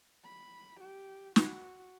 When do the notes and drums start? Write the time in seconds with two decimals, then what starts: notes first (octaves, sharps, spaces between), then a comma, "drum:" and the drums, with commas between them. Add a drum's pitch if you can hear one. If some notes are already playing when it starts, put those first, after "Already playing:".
0.24 B5
0.80 G4
1.36 F#4, drum: snare